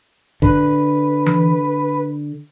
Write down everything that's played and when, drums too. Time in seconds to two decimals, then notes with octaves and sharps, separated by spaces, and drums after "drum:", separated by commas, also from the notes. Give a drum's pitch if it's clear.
0.42 D3 B4, drum: kick F#1
1.26 drum: tom E3